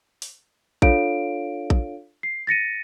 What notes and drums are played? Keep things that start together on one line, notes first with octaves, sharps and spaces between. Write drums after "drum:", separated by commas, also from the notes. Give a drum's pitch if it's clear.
drum: open hi-hat
D4 F4 A4 C#5 F5 D7, drum: kick A#1
drum: kick A#1
C7
A6 A#6 C#7 D#7